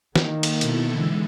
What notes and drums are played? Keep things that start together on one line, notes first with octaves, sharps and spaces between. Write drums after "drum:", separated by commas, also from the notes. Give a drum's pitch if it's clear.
D#3 A#3, drum: snare
drum: cymbal
B2 E4 A4, drum: hi-hat
D3 E3 G#3